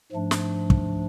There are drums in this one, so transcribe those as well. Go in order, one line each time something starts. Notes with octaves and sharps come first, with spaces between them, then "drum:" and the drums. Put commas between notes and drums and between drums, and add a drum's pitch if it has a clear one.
G#2 F3 A3 D4
drum: snare
drum: kick